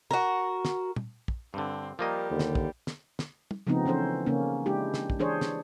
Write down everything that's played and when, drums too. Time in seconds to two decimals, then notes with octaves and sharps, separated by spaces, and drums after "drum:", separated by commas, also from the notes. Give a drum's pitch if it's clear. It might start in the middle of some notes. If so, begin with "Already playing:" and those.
0.11 F#4 A#4
0.65 drum: snare
0.96 drum: tom
1.28 drum: kick
1.54 G2 D3 C4
1.99 F3 G3 A#3 A#4 D#5
2.30 D#2 D3
2.39 drum: snare
2.55 drum: kick
2.87 drum: snare
3.19 drum: snare
3.51 drum: tom
3.67 C#3 F3 A3 B3 C4 D#4
3.86 E3 C#4 A4 C5
4.26 C#3 A#3 C#4
4.66 G#3 D4 E4 G4
4.94 drum: snare
5.10 drum: kick
5.19 E3 D4 G#4 C5 C#5
5.41 drum: snare